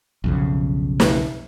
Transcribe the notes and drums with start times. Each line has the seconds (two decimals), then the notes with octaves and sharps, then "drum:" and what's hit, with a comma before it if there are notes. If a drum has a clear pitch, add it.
0.24 B1 F2 C#3
1.00 drum: snare